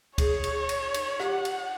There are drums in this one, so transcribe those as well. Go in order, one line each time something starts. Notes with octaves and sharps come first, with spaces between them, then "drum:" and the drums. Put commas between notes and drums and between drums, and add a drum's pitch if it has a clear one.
G#4 C#5, drum: kick D2, cymbal
drum: cymbal
drum: cymbal
drum: cymbal
G4 F#5, drum: rim click
drum: cymbal